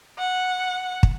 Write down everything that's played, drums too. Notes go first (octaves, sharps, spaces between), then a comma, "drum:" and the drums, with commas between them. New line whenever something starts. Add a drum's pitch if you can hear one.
F#5
drum: kick